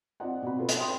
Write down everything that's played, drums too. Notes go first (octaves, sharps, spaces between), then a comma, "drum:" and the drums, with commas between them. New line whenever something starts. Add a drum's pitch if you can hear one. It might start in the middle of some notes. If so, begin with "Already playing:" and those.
C4 F4 D5 D#5 F#5
B2 C4 B5
F4 A4 B4 C#5
drum: hi-hat
G5 C6 D#6